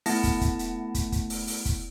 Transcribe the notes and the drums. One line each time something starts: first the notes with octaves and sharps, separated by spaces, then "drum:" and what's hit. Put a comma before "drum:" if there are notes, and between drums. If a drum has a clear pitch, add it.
A3 B3 E4 F#5 A5 A#6, drum: open hi-hat
drum: kick, hi-hat
drum: kick, hi-hat
drum: hi-hat
drum: kick, hi-hat
drum: kick, hi-hat
drum: open hi-hat
drum: open hi-hat
drum: kick, hi-hat